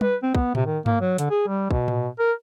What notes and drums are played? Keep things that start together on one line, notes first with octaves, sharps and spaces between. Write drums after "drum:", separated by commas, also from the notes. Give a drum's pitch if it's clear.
B4, drum: tom G3
C4
B3, drum: kick
C3, drum: tom A2
D#3
A#3, drum: tom G2
F#3
D3, drum: hi-hat
G#4
G3
B2, drum: kick
drum: tom A2
A#4